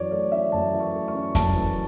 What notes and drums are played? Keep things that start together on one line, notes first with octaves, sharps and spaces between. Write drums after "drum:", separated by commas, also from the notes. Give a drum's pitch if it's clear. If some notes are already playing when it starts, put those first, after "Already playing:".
Already playing: F#2 E3 C#5 D5
A3 D5
C#4 E5
F#2 A5
E3
C#6
A3
C#6
C#4
F#2 A5, drum: kick F2, hi-hat
E3